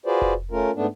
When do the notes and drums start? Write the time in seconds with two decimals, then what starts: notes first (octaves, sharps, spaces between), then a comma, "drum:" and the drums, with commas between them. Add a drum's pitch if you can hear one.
0.06 F4 F#4 G#4 B4 C5 D5
0.22 drum: kick F1
0.51 A3 C#4 F4 A#4
0.75 G#2 A3 B3 D4